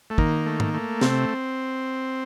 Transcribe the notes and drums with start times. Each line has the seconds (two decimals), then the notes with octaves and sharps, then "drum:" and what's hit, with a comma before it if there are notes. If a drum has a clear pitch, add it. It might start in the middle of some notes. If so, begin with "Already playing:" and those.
0.10 A3
0.18 D#3 A#3, drum: kick
0.46 A3
0.60 drum: tom
0.74 A3
1.01 C3 C4, drum: snare